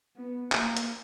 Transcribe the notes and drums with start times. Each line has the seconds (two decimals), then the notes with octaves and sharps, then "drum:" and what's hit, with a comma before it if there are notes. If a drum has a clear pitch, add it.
0.17 B3
0.52 A#3, drum: clap
0.77 drum: hi-hat